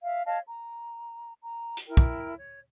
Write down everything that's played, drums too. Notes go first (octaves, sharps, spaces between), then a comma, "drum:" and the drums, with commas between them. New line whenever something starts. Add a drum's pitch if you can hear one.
E5 F5
C#5 D#5 F5 A5
A#5
A#5
drum: hi-hat
E4 A#4 G5
drum: kick
C#5